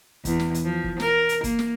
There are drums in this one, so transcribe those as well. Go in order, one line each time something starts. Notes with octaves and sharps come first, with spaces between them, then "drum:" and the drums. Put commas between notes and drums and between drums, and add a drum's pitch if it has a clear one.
E2, drum: kick, hi-hat
drum: snare
drum: hi-hat
F3
drum: kick
A#4, drum: snare
drum: hi-hat
A#3, drum: kick, hi-hat
drum: snare